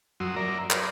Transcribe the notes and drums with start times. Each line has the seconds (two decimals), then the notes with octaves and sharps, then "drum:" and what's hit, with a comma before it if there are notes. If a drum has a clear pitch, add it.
0.20 F#2 F#3 C6 D#6 E6
0.36 A#4 D5 E5 A#5
0.71 B4 C5 D5, drum: clap